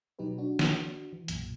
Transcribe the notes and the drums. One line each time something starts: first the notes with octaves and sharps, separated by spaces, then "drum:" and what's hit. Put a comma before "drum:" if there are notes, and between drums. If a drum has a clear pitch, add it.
B2 F#3 D#4 G4 B4
D4 F#4
drum: snare
E3
B1 F#2 A#2, drum: hi-hat